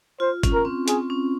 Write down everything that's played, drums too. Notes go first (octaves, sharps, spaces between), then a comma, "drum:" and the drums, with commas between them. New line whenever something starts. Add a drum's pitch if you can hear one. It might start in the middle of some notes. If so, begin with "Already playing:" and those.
F4 C5
C#4, drum: kick G1, hi-hat
A#4
C4
C4 G#4, drum: hi-hat
C#4